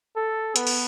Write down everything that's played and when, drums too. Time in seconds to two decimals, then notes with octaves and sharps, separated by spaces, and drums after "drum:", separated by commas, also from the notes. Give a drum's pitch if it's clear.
0.16 A4
0.56 B3, drum: hi-hat
0.67 drum: cymbal